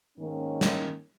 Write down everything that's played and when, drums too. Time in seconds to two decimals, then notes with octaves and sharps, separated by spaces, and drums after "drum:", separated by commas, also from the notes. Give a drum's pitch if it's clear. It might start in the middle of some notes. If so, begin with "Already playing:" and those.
0.18 G#2 D#3 A#3 C#4
0.61 drum: snare